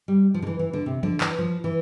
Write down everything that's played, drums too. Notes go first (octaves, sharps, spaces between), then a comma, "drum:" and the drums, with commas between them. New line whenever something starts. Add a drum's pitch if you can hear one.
G3
F3
D3
E3
E3
D3
C3
D3, drum: tom E3
E3, drum: clap
F3
E3